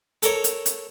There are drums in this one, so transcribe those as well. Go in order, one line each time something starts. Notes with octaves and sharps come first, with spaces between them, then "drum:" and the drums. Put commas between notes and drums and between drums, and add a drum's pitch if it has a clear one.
A4 A#4 C#5, drum: hi-hat
drum: hi-hat
drum: hi-hat